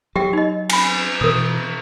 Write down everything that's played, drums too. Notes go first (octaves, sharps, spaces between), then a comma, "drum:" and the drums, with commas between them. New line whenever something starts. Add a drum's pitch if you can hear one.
F#3 G4 E5 G5
D#4 D#5
G#5 B5, drum: cymbal
B2 E3 A#4 D#6